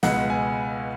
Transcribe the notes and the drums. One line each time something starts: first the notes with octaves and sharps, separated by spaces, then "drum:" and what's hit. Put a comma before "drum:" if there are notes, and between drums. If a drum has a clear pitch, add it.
C#2 B2 G#3 F#5, drum: snare
G#5